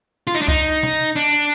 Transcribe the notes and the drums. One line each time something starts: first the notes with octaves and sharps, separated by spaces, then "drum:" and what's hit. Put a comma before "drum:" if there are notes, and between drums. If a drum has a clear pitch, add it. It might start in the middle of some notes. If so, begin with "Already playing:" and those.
F4
D#4
D4
D#4, drum: kick C2
drum: tom
D4